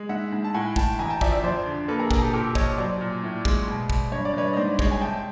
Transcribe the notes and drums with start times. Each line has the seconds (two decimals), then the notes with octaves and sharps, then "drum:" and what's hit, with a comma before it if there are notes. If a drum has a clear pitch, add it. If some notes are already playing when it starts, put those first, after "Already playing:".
Already playing: G#3
0.09 G#2 E5 F#5
0.33 G#2
0.44 A5
0.54 A2 F#5 G#5
0.76 A2 G5 A5, drum: kick
0.99 E2 G#5 A#5
1.10 G5 A5
1.21 F3 D5 E5, drum: kick
1.32 D5 E5
1.44 F2 C5 D5
1.66 D3
1.88 A#3 A4 B4
1.99 G#4 A#4
2.11 B2 G#4 A#4, drum: kick
2.22 G4 A4
2.33 A#2 G4 A4
2.55 F3 C#5 D#5, drum: kick
2.78 F#3 C5 D5
3.01 A#2
3.23 A2
3.45 G#3, drum: kick
3.68 B2
3.90 B2, drum: kick
4.12 G2 C#5
4.25 D5
4.34 G2 B4 C#5
4.53 D#5
4.57 G#2 C5 D5
4.79 G#3 C#5 D#5, drum: kick
4.91 G#5
5.01 C3 G5 A5